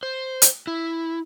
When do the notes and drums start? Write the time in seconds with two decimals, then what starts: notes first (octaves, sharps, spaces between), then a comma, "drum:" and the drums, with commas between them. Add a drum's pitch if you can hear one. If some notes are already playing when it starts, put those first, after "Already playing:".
0.03 C5
0.42 drum: hi-hat
0.67 E4